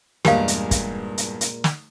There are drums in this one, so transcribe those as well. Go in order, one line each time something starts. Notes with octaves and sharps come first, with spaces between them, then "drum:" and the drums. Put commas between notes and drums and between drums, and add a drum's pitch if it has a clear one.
E2 G2 A#2 G#3 G4 A#4 F5, drum: snare
drum: hi-hat
drum: kick, hi-hat
drum: hi-hat
drum: hi-hat
drum: snare